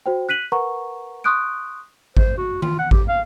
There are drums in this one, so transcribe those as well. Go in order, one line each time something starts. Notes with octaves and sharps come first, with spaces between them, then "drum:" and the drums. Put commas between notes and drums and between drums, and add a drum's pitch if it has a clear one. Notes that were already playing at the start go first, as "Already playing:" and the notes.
F#4 C5 G5
F#6 B6 D#7 F#7
A#4 B4 F#5 A#5 C#6
C6 C#6 D#6 F#6 G6 D7
C5, drum: kick G#1
F#4
F4, drum: tom D#3
F#5
G4, drum: kick G#1
F5